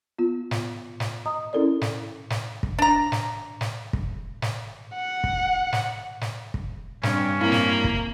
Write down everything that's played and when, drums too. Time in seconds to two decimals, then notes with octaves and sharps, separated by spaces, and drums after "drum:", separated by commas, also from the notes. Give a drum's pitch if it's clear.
0.19 B3 F4
0.51 drum: snare
1.00 drum: snare
1.26 D#5 A#5 D#6
1.53 C#4 E4 A4 A#4 D5
1.81 drum: snare
2.30 drum: snare
2.63 drum: kick
2.79 D4 A#5
3.12 drum: snare
3.61 drum: snare
3.93 drum: kick
4.42 drum: snare
4.95 F#5
5.24 drum: kick
5.73 drum: snare
6.21 drum: snare
6.54 drum: kick
7.03 G2 C3 C#4 D4, drum: snare
7.41 A#3 C4 E4 F4
7.52 drum: snare
7.84 drum: kick